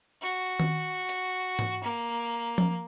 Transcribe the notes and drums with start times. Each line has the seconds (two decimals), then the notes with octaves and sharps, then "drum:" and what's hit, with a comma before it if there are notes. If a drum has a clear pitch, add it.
0.21 F#4
0.60 drum: tom D#3
1.09 drum: hi-hat
1.59 drum: tom G#2
1.84 A#3
2.58 drum: tom F3